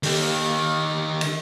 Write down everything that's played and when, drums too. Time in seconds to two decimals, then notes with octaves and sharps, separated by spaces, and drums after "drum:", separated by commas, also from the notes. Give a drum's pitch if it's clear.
0.03 D#3 G4, drum: open hi-hat
1.21 drum: cymbal